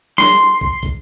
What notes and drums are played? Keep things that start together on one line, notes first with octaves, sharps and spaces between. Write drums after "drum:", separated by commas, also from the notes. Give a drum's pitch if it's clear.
C6, drum: snare
drum: kick
drum: kick